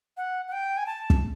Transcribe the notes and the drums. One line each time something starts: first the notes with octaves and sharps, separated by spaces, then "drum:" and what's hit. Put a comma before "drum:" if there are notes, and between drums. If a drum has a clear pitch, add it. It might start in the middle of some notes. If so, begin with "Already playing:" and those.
F#5
F#5
G5
G#5
A5
drum: kick